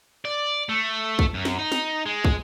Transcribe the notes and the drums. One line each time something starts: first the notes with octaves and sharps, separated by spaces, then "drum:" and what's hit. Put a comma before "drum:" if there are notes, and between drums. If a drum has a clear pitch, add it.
D5
A3
drum: kick
F#2
drum: snare
D#4
drum: snare
G#3
drum: kick